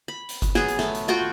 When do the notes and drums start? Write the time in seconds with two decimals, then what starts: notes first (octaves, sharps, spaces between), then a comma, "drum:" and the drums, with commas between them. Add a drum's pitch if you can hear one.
0.08 B5
0.29 drum: hi-hat
0.42 drum: kick F#1, hi-hat
0.55 F#3 B3 G#4, drum: snare
0.68 drum: hi-hat
0.79 A3, drum: snare
0.95 drum: hi-hat
1.08 F4 F#4 F#5 G5